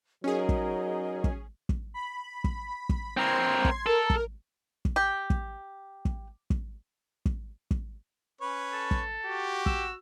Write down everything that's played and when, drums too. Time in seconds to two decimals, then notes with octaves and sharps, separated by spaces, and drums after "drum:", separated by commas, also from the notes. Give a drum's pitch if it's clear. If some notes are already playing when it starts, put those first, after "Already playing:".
0.24 F#3 C#4 D#4 G#4 A#4 D#5
0.49 drum: kick
1.24 drum: kick
1.69 drum: kick
1.94 B5
2.44 drum: kick
2.89 drum: kick
3.17 C4 A#4 C6 G#6
3.65 drum: kick
3.86 A4 A#4
4.10 drum: kick
4.85 drum: kick
4.96 G4
5.30 drum: kick
6.05 drum: kick
6.50 drum: kick
7.25 drum: kick
7.71 drum: kick
8.41 C#4 B4 C#5
8.73 A4
8.91 drum: kick
9.25 F#4 G4
9.66 E6, drum: kick